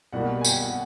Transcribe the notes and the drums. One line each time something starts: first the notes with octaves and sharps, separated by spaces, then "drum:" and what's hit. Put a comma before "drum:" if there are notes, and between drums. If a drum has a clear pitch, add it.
C2 B2 G3 A#3 F#5
G#5
G5, drum: tambourine
F#5